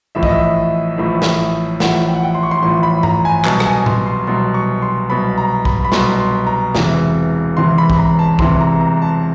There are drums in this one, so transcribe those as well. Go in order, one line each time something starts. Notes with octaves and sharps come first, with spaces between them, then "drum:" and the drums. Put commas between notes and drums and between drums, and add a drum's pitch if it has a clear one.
A1 A2 F3 E5
D#5, drum: kick
E5
A1 A2 F3
drum: snare
A1 A2 F3 F#5, drum: snare
G5
F#5
G5
C6
C#6
C6
A1 A2 F3 C6
B5
A#5, drum: tom G2
G#5
C2 B2 F#3 A5, drum: clap
A5, drum: rim click
G#5
C6, drum: tom A2
C6
C2 B2 F#3 C6
C#6
C6
C2 B2 F#3 B5
A#5
B5, drum: kick
B5
C2 B2 F#3 C6, drum: snare
C6
A#5
E1 E2 C3 E3, drum: snare
E1 E2 C3 E3 C6
B5
B5, drum: kick
A#5
A5
E1 E2 C3 E3 C6, drum: kick
A#5
A#5
A5